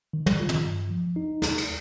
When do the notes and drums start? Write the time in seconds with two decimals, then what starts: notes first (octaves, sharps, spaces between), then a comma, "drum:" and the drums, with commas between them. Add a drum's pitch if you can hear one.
0.13 D#3
0.26 drum: tom
0.40 F4
0.49 drum: tom
0.65 G2
0.90 F3
1.16 D#4
1.42 D#2, drum: snare
1.58 drum: cymbal